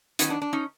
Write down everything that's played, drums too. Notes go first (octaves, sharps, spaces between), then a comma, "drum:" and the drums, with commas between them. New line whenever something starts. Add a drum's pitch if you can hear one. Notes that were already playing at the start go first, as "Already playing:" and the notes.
D#3 F#3 B3 C#4 D#4, drum: hi-hat
D4
D4
C#4 D#4